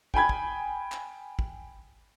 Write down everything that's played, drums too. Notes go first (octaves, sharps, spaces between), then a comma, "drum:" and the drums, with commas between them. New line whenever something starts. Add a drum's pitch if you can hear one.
G5 G#5 B5 G#6, drum: kick
drum: kick
drum: clap
drum: kick